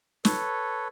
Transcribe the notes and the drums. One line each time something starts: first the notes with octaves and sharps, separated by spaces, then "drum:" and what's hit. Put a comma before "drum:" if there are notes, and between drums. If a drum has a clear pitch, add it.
A4 B4 C#5, drum: snare